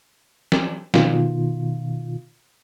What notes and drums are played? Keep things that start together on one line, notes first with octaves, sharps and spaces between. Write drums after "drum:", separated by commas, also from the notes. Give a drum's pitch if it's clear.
drum: snare
B2 D#3 F4, drum: snare